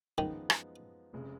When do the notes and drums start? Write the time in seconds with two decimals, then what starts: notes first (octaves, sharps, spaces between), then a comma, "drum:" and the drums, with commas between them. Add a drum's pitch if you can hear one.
0.18 F#2 D#3 F3 G#3 B3 D#4
0.50 drum: rim click
1.13 F1 F2 C#3 G#3